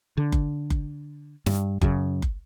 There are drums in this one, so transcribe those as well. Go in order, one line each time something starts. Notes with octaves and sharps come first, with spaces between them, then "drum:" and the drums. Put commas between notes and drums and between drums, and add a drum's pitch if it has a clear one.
D3
drum: kick F#1
drum: kick F#1
G2, drum: snare
F#2 C#3, drum: kick F#1
drum: kick F#1